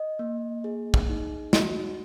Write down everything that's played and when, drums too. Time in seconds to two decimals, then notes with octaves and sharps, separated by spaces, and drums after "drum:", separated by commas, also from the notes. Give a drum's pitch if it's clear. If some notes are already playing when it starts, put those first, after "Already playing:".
Already playing: D#5
0.19 A#3
0.64 G#4
0.94 drum: kick
1.09 D#4
1.53 F#4, drum: snare